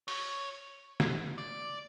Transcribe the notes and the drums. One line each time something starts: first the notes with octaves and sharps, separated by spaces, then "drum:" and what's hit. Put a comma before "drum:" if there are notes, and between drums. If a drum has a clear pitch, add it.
C#5, drum: open hi-hat
drum: snare
D5